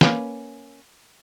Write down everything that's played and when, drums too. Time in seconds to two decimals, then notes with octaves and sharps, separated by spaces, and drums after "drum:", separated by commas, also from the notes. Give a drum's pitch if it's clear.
0.01 A#3 C#4 B4, drum: snare